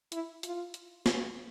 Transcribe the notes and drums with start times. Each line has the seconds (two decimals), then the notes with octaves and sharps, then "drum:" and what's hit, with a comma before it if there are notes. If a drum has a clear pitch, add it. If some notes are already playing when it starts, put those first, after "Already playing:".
0.12 E4, drum: hi-hat
0.43 F4, drum: hi-hat
0.74 drum: hi-hat
1.06 F#4, drum: snare